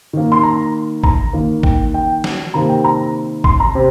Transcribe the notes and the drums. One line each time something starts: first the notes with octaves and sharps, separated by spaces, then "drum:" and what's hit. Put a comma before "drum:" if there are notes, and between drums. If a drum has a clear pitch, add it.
D#3 A#3
C6
A#5
A#5, drum: kick
D#3 A#3
G5, drum: kick
G5
drum: snare
C3 D#3 A#3 A#5
G5
A#5
C6, drum: kick
A#5
C3